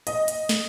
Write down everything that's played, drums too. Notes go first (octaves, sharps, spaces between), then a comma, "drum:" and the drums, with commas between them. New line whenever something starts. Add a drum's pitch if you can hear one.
D#5, drum: hi-hat
drum: hi-hat
drum: snare